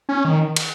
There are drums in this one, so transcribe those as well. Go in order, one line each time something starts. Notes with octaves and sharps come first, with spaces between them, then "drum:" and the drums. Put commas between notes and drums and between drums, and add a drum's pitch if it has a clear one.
C#4
D#3
drum: cymbal